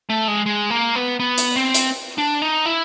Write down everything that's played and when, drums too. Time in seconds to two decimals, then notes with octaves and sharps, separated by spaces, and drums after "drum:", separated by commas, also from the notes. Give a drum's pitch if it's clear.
0.10 A3
0.28 G#3
0.46 G#3
0.70 A#3
0.95 B3
1.20 B3
1.38 drum: hi-hat
1.56 C4
1.74 drum: hi-hat
2.18 D4
2.42 D#4
2.66 E4